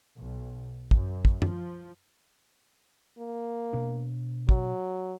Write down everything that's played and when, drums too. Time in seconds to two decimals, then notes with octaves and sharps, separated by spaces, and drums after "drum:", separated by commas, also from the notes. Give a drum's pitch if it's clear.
0.15 B1
0.91 F#2, drum: kick
1.25 drum: kick
1.42 F3, drum: tom F#2
3.18 A#3
3.73 B2 D4
4.49 F#3, drum: kick